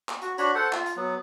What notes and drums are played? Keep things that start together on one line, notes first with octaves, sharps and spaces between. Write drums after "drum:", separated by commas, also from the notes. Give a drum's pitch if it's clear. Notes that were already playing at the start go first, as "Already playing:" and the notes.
drum: clap
F#4, drum: hi-hat
D4 F#4 C#5 B5, drum: hi-hat
A4 C5 F#5
F4, drum: clap
drum: hi-hat
F#3 B3